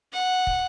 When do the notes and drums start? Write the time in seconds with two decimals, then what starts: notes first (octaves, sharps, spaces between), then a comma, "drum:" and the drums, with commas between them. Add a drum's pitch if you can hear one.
0.13 F#5
0.47 drum: kick